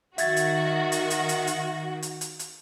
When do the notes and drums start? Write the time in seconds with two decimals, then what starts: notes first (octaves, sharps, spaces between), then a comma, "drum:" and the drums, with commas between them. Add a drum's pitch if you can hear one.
0.18 D#3 F#4 E5 G#6 A6, drum: hi-hat
0.36 drum: hi-hat
0.92 drum: hi-hat
1.10 drum: hi-hat
1.29 drum: hi-hat
1.47 drum: hi-hat
2.02 drum: hi-hat
2.21 drum: hi-hat
2.39 drum: hi-hat